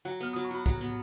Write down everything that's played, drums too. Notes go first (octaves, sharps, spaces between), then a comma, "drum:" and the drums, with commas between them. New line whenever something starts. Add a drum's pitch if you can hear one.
F#3 F#5 A#5
B3 F6
F#3 D#6
C#6
F#4 B5
F#3 F#5 A#5, drum: kick
B3